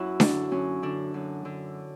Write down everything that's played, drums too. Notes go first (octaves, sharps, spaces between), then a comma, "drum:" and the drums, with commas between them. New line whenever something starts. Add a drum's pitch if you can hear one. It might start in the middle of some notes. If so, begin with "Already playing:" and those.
Already playing: F#2 E4 F#4
D3 D4, drum: snare D4
F#2 C#4
D3 D4
F#2
D3